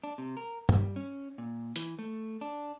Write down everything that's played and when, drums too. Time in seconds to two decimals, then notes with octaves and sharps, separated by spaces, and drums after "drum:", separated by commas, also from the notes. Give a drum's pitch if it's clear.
0.04 D4
0.18 C3
0.37 A#4
0.69 G3, drum: tom
0.96 C#4
1.38 A#2
1.76 E3, drum: hi-hat
1.99 A3
2.41 D4